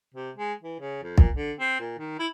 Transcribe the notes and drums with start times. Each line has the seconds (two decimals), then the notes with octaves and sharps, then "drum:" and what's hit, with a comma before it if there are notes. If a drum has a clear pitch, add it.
0.14 C3
0.36 G#3
0.62 E3
0.80 C#3
1.03 F2
1.18 A#2, drum: kick
1.34 D3
1.60 C4
1.80 A#2
1.99 D#3
2.19 E4